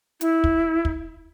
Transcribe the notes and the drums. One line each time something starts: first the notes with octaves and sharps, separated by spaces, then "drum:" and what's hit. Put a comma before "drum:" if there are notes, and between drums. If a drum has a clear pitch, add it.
E4, drum: hi-hat
drum: kick
drum: kick